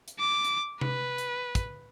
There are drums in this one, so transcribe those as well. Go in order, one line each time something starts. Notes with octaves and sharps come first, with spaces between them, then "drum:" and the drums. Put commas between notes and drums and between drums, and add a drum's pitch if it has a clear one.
drum: hi-hat
D6
drum: hi-hat
B4, drum: tom C3
drum: hi-hat
drum: kick, hi-hat